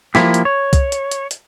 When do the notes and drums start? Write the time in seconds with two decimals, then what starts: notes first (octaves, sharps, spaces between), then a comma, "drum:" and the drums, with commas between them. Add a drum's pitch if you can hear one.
0.15 F3 A#3 E4 G4, drum: snare
0.34 drum: hi-hat
0.45 C#5
0.73 drum: kick C2, hi-hat
0.92 drum: hi-hat
1.11 drum: hi-hat
1.31 drum: hi-hat